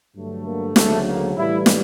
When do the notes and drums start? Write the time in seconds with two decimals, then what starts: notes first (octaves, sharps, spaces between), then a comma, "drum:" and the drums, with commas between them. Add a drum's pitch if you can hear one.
0.16 G2 D3 F#3 A3
0.46 A#3
0.76 D2 C#3 F#3 A3, drum: snare
1.06 A#3
1.36 A2 E3 G3 E4
1.66 drum: snare